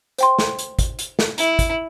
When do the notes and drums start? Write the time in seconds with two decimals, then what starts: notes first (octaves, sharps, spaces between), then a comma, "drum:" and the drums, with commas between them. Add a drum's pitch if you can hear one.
0.18 C5 G5 C6, drum: hi-hat
0.39 drum: snare
0.59 drum: hi-hat
0.79 drum: kick, hi-hat
0.99 drum: hi-hat
1.19 drum: snare
1.38 E4, drum: hi-hat
1.59 drum: kick, hi-hat